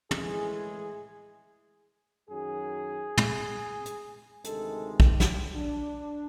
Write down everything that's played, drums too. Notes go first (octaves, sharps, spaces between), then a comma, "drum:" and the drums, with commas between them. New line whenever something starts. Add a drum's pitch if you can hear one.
A2 E3 G#3 G#4, drum: tom
F#2 D#3 F#3 G#4
drum: tom
drum: hi-hat
D2 C3 D#3 G#3 A4, drum: hi-hat
G4, drum: kick
drum: snare
D4